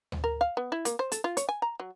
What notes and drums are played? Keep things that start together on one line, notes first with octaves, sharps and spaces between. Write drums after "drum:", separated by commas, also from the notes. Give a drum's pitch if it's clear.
drum: tom D2
A#4
F5
B3
E4
A#3, drum: hi-hat
C5
A4, drum: hi-hat
F4
C#5, drum: hi-hat
G#5
A#5
F#3